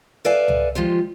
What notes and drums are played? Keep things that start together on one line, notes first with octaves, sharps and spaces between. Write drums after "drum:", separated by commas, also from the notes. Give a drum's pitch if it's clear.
A4 B4 D5 E5 F5 G#5
drum: tom C#2
F3 G#3 F4 G4